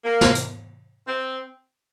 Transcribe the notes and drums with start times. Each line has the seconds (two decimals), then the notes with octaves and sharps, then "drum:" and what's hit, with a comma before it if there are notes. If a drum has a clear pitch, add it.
0.05 A#3
0.21 drum: snare
0.35 drum: hi-hat
1.07 C4